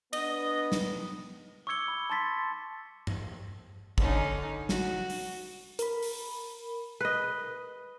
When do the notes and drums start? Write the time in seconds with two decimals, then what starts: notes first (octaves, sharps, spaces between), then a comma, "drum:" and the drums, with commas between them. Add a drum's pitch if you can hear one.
0.13 B3 D4 D#5, drum: cymbal
0.72 drum: snare
1.67 C#6 D6 E6 G#6 C#7 G7
1.88 B5
2.10 A5 C6 A6 B6
3.07 drum: tom G2
3.98 D3 C#4 D#4, drum: kick
4.69 F#4, drum: snare
5.10 drum: open hi-hat
5.79 A#4 B5, drum: hi-hat
6.03 drum: open hi-hat
7.01 B4 D#5